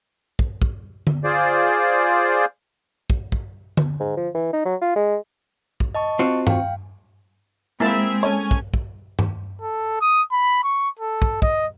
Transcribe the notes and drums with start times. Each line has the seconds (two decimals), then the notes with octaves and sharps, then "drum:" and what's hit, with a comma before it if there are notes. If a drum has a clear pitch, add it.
0.39 drum: kick
0.62 drum: kick
1.07 drum: tom D3
1.24 F4 G#4 C5 D5
3.10 drum: kick
3.32 drum: kick
3.77 drum: tom D3
4.00 G#2
4.17 F3
4.34 E3
4.53 D#4
4.65 F#3
4.81 F4
4.96 G#3
5.80 drum: kick
5.95 D#5 A5 C#6
6.19 C4 F4 F#4
6.47 F5 G5, drum: tom G2
7.80 G#3 A#3 C4 E4 G#4 E5 A5
8.23 C#4 A4 C#5 G#5
8.51 drum: kick
8.74 drum: kick
9.19 drum: tom G2
9.61 A4
10.01 D#6
10.32 B5
10.63 C#6
10.99 A4
11.22 drum: kick
11.42 D#5, drum: kick